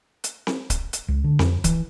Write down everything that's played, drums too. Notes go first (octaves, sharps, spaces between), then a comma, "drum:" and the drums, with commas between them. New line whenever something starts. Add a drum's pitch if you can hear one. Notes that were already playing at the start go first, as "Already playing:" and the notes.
drum: hi-hat
drum: snare C4
drum: kick C#1, hi-hat
drum: hi-hat
C#2
D3
F2, drum: snare C4
E3, drum: kick C#1, hi-hat